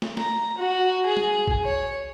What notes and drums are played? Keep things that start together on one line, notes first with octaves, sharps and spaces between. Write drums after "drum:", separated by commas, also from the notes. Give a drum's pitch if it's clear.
drum: snare
A#5, drum: snare
F#4
G#4
drum: tom
drum: kick A1
C#5